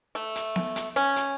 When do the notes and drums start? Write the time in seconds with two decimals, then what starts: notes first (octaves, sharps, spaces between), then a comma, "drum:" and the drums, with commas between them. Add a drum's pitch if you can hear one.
0.15 A3
0.35 drum: hi-hat
0.56 drum: snare B3
0.76 drum: hi-hat
0.96 C#4
1.16 drum: hi-hat